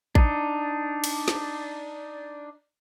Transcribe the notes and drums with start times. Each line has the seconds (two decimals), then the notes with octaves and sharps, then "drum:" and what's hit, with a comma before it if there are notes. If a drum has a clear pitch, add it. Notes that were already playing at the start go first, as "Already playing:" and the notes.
0.15 D4 D#4, drum: kick A1
1.04 drum: cymbal
1.28 drum: snare